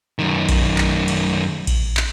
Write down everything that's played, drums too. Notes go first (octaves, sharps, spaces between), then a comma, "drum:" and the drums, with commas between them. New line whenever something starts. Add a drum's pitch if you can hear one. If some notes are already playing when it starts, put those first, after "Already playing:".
F#2 D#3
drum: kick A#1, cymbal
drum: clap
drum: cymbal
drum: kick A#1, cymbal
drum: clap